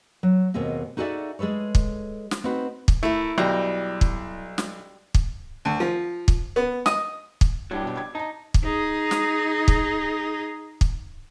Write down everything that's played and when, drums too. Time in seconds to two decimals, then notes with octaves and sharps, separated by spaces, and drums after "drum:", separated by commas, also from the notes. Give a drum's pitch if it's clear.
0.23 F#3
0.54 D#2 B2 C4 G#4 D#5
0.97 D#4 F#4 G#4 A4 D5 E5
1.39 G#3 G#4 A4 B4 C#5
1.75 drum: kick
2.31 drum: snare
2.44 C4 D#4 F#4 B4 C5
2.88 drum: kick
3.03 A3 E4 A#4
3.38 B1 G3 G5 A#5
4.01 drum: kick
4.58 drum: snare
5.14 drum: kick
5.65 D2
5.80 F3
6.28 drum: kick
6.56 B3
6.86 D#5, drum: snare
7.41 drum: kick
7.71 F#3 G3 D4 E4 G4 G#6
7.83 B2 G5
7.95 D6 G#6
8.15 D#4 A5 A#5
8.54 drum: kick
8.63 D#4 G#4
9.11 drum: snare
9.68 drum: kick
10.81 drum: kick